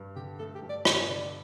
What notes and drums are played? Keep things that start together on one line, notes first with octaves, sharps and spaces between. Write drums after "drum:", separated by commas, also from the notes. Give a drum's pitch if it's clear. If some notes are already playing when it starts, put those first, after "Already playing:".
Already playing: G2
D3 G4
A3 A4
G4
G2
D5
G2 D#5, drum: rim click
D3 D5